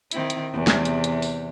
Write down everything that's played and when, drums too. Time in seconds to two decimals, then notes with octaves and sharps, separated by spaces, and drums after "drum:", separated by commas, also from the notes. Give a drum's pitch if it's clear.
0.11 D#3 C4 E4, drum: hi-hat
0.30 drum: hi-hat
0.53 E2 C3
0.67 drum: snare
0.85 drum: hi-hat
1.04 drum: hi-hat
1.22 drum: open hi-hat